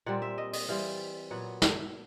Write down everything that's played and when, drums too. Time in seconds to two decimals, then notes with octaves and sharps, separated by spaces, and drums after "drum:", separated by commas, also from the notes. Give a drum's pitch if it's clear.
0.06 A#2 G3 C4 F#5
0.22 E5
0.38 D#5
0.53 D#5, drum: open hi-hat
0.68 E3 G3 C4 F5
1.30 A#2 F#3 B3 F#5
1.62 E5, drum: snare